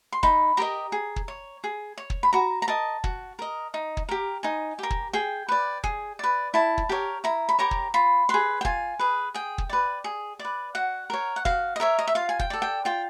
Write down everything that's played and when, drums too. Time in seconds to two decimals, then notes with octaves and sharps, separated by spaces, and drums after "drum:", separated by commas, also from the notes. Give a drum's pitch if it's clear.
0.12 C6
0.23 D#4 B5, drum: kick
0.57 G4 A#4 D#5 A#5
0.92 G#4
1.16 drum: kick
1.28 C#5
1.64 G#4
1.98 C#5
2.10 drum: kick
2.23 B5
2.33 F#4 A#5
2.62 A#5
2.68 A#4 D#5 A5
3.04 F#4, drum: kick
3.39 A#4 D#5
3.74 D#4
3.97 drum: kick
4.09 G4 A#4
4.43 D#4 G#5
4.79 G4 A#4
4.90 drum: kick
5.13 G#4 G5
5.48 B4 D5
5.84 G#4, drum: kick
6.19 B4 D5
6.54 E4 A5
6.78 drum: kick
6.89 G4 A#4 C#5
7.24 E4 A#5
7.49 B5
7.59 G4 A#4 C#5 A#5
7.71 drum: kick
7.94 F4 B5
8.29 G#4 B4 C6
8.61 G5
8.65 F4 G#5, drum: kick
8.99 G#4 B4
9.34 G#4 G5
9.58 drum: kick
9.69 B4 D5
10.04 G#4
10.39 D5
10.45 B4
10.75 F#4 F#5
11.10 A#4 C#5
11.36 F#5
11.45 F#4 F5, drum: kick
11.76 D#5
11.80 A#4 C#5 E5
11.99 D#5
12.07 E5
12.15 F4 F5
12.29 G#5
12.39 G5, drum: kick
12.50 A4 D5
12.62 G5
12.85 F4 G5